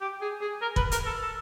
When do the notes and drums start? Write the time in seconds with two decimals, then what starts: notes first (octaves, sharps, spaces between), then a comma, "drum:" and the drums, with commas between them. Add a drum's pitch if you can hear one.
0.01 G4
0.21 G#4
0.41 G#4
0.62 A#4
0.76 B4, drum: kick
0.92 A#4, drum: hi-hat
1.06 A4
1.22 A4